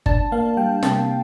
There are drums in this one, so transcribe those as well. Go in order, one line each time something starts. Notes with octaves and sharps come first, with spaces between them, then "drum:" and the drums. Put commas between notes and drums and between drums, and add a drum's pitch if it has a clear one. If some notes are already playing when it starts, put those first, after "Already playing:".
D4 A5, drum: kick G1
A#3 F5
G3 G5
C3 A5, drum: snare